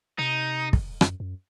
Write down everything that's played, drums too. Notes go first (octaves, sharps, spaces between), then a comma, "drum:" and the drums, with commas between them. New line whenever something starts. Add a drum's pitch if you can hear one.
C3 D#4
drum: kick
F#2, drum: rim click
F#2